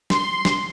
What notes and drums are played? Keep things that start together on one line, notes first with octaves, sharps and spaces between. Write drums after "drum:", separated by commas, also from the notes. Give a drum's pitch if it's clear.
C6, drum: snare
drum: snare